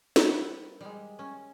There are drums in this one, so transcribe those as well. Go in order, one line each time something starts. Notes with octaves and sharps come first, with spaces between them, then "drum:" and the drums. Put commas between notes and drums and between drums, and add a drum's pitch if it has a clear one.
G3 C4 A#4 B4 E5 F#5, drum: snare
G3 G#3
C#4